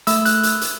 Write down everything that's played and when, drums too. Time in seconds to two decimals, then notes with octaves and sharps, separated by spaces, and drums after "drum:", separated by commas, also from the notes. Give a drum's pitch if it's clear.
0.07 A3 E6, drum: hi-hat
0.25 F#6, drum: hi-hat
0.43 drum: hi-hat
0.61 drum: hi-hat